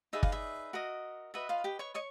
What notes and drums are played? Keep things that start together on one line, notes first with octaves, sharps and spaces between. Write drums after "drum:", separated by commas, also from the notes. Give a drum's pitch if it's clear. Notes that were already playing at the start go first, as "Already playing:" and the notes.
D#4 G#4 B4 D5 E5
F5, drum: kick G1
E5
F#4 A#4 D#5
F#4 B4 D#5 E5
F4 F5
G4 G5
C#5 C#6
C#5 D#5 C#6